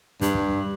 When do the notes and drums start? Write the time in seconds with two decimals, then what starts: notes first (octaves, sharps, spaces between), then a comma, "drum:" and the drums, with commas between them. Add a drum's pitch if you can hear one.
0.21 G2, drum: kick, hi-hat
0.35 drum: kick